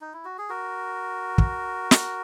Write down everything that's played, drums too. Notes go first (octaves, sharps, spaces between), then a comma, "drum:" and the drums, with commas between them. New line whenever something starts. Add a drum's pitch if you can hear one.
D#4
E4
F#4
G#4
F#4 A#4
drum: kick
drum: snare